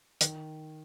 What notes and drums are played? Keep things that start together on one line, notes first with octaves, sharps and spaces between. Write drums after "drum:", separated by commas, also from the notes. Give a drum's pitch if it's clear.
D#3, drum: hi-hat